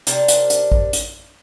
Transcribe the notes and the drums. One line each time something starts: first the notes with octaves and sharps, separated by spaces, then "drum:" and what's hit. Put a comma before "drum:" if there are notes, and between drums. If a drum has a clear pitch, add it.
C3 D4 A#4, drum: hi-hat
drum: hi-hat
drum: hi-hat
drum: kick
drum: hi-hat